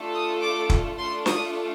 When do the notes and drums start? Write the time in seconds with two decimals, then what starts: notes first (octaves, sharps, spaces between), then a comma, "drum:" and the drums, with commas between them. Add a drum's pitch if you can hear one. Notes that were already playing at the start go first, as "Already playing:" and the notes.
Already playing: A3 D4 F4 A4
0.14 D#6
0.41 D6
0.70 drum: kick
0.98 A3 D4 F4 C6
1.26 D#6, drum: snare